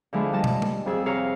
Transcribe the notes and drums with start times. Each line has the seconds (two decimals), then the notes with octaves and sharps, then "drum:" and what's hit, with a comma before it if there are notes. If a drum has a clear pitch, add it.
0.13 D3 F3 G#3 E4 G#4
0.33 G3 D#5 A5
0.44 drum: tom
0.62 drum: tom G#3
0.86 F2 G#4 E6
1.06 C3 G#4 C#5 F5 A#5 F6